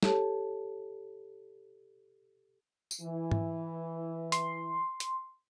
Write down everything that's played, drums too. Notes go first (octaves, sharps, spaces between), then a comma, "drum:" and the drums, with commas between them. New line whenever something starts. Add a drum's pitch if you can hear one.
G4 A4 C#5 A5, drum: snare
drum: tambourine
E3
drum: tom G#2
C6, drum: hi-hat
drum: hi-hat